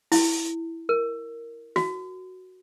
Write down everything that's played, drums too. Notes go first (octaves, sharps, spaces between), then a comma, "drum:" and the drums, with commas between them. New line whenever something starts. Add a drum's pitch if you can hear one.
E4, drum: open hi-hat
A#4
F#4, drum: snare